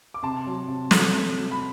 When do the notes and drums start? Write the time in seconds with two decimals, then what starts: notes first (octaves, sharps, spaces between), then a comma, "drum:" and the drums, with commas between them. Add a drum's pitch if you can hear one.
0.14 D6
0.23 C3 A5 C6
0.47 F#3
0.68 C3
0.91 A3, drum: snare
1.13 C3
1.37 F#3
1.51 B5